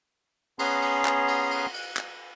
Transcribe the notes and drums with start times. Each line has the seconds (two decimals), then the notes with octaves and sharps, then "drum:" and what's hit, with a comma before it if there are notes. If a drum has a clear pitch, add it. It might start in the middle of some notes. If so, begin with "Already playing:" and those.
0.59 B3 C#4 G#4 A#5 C6, drum: cymbal
0.82 drum: cymbal
1.05 drum: clap
1.28 drum: cymbal
1.51 drum: cymbal
1.74 drum: cymbal
1.97 drum: clap